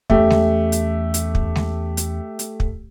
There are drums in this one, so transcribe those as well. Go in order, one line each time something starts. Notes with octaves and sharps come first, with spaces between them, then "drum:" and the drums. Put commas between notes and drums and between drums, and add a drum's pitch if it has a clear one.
E2 A3 C#4 G4 E5, drum: kick
drum: snare G#3
drum: hi-hat
drum: hi-hat
drum: kick
drum: snare G#3
drum: hi-hat
drum: hi-hat
drum: kick